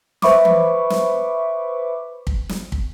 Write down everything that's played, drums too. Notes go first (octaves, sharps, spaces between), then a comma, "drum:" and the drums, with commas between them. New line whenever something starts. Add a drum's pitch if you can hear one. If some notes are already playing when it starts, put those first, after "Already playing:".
B4 C5 E5 B5 C#6 D6, drum: snare
drum: tom E3
drum: snare
drum: kick
drum: snare
drum: kick